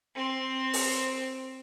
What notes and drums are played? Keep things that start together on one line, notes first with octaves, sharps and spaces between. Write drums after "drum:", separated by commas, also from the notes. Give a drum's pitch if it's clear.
C4 C6
drum: open hi-hat